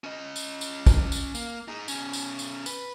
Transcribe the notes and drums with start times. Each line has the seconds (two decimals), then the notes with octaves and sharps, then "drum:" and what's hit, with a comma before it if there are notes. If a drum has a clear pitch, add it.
0.04 C#4 D#5
0.36 drum: tambourine
0.61 drum: tambourine
0.86 drum: kick, tambourine
1.12 drum: tambourine
1.35 A#3, drum: tambourine
1.68 D#4 G#4
1.88 B2 C#4, drum: tambourine
2.13 drum: tambourine
2.39 drum: tambourine
2.66 B4, drum: tambourine